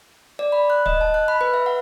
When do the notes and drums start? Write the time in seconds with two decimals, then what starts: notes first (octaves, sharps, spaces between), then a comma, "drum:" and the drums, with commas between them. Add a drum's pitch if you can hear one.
0.39 D5
0.52 B5
0.70 F#6
0.86 D#5, drum: kick
1.01 A5
1.14 F#6
1.28 B5
1.41 B4
1.54 E5
1.66 F#5